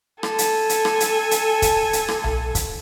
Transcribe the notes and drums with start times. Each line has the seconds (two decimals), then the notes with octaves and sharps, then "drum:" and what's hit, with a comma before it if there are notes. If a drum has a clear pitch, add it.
0.23 A4 G#5, drum: rim click
0.38 drum: hi-hat
0.69 drum: hi-hat
0.85 drum: rim click
1.00 drum: hi-hat
1.31 drum: hi-hat
1.62 drum: kick, hi-hat
1.93 drum: hi-hat
2.08 drum: rim click
2.24 drum: tom B1
2.55 drum: kick, hi-hat